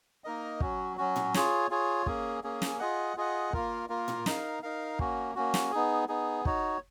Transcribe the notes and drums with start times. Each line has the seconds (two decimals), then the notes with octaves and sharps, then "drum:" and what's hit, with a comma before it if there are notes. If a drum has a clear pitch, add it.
0.24 A#3 D#4 A#4 D#5
0.60 F#3 C#4 F#4, drum: kick
0.97 F#3 C#4 F#4
1.16 drum: tom A2
1.34 F4 G#4 C#5, drum: snare
1.71 F4 G#4 C#5
2.06 A#3 C#4 G#4, drum: kick
2.44 A#3 C#4 G#4
2.62 drum: snare
2.79 F4 G#4 D#5 F#5
3.17 F4 G#4 D#5 F#5
3.53 A#3 F4 A#4, drum: kick
3.89 A#3 F4 A#4
4.08 drum: tom A2
4.26 D#4 A#4 F5, drum: snare
4.63 D#4 A#4 F5
4.99 A#3 C#4 F#4, drum: kick
5.35 A#3 C#4 F#4
5.54 drum: snare
5.71 B3 D#4 G#4
6.08 B3 D#4 G#4
6.45 D#4 F#4 C#5, drum: kick